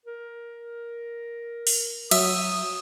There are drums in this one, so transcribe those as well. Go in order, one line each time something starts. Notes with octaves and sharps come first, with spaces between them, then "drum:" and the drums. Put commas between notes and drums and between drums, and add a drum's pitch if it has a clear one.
A#4
drum: open hi-hat
F#3 E5 D#6, drum: cymbal